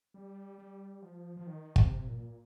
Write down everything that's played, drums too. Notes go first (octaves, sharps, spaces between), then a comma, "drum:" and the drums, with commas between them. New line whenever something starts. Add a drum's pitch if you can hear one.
G3
G3
F3
F3
D#3
C3, drum: kick
A#2